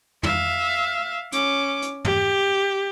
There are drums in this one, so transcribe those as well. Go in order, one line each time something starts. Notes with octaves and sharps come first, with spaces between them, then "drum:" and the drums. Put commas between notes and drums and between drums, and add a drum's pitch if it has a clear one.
E5 F5, drum: tom
C#4 D6, drum: hi-hat
drum: hi-hat
G4, drum: tom